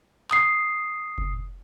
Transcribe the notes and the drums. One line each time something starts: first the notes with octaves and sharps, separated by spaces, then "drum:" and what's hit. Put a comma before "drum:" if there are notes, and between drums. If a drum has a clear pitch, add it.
D#6 C7, drum: clap
drum: kick F#1